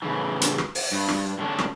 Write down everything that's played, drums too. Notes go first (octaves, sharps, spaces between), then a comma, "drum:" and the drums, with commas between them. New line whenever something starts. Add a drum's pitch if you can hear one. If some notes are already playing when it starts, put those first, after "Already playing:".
A2 C#3 E3
drum: hi-hat
drum: rim click
drum: open hi-hat
G2
drum: rim click
A2 D3 C#4 D4
drum: rim click